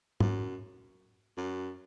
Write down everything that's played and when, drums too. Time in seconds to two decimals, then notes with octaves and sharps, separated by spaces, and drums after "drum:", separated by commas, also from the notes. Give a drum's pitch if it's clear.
0.20 F#2, drum: tom
1.37 F#2